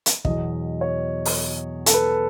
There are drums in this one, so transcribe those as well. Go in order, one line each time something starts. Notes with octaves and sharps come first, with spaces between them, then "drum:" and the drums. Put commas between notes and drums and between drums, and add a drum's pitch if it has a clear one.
drum: hi-hat
E2 B2 F#3 D#5, drum: kick
C#5
drum: open hi-hat
A4, drum: hi-hat
B4